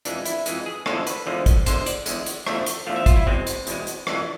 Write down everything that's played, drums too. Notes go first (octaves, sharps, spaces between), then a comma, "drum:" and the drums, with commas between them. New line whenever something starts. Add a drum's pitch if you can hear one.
F2 E3 G#3 D4, drum: hi-hat
E4, drum: hi-hat
F2 E3 G#3, drum: hi-hat
G#4
E2 D3 F3 G#3 A4, drum: rim click
B4, drum: hi-hat
E2 D3 F3 G#3
drum: kick, hi-hat
E2 D3 G#3 C5, drum: hi-hat
D5, drum: hi-hat
E2 D3 G#3, drum: hi-hat
drum: hi-hat
E2 D3 F3 A3, drum: rim click
drum: hi-hat
E2 D3 F3 A3 F5
E5
F4, drum: kick, hi-hat
E4
E2 B2 G#3 C4
drum: hi-hat
E2 B2 G#3, drum: hi-hat
drum: hi-hat
F2 E3 G#3 D4, drum: rim click